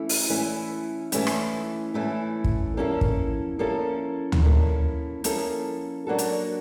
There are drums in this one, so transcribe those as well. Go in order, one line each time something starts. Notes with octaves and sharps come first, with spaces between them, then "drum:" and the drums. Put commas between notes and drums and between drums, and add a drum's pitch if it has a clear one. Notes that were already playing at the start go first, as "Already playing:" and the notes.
Already playing: E3 A3 C#4 E4
drum: open hi-hat
E3 A3 C#4 E4
E3 A3 C#4 E4, drum: hi-hat
drum: rim click
E3 A3 C#4 E4
drum: kick
F3 A#3 C#4 E4 A4
drum: kick
F3 A#3 C#4 E4 A4
drum: tom D2
F3 A#3 C#4 E4 A4
F3 A#3 C#4 E4 A4, drum: hi-hat
F#3 A#3 D4 F#4 A4
drum: hi-hat